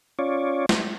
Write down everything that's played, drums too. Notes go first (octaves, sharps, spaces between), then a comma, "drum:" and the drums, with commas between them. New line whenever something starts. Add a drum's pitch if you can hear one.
C#4 F4 C#5 D5
drum: snare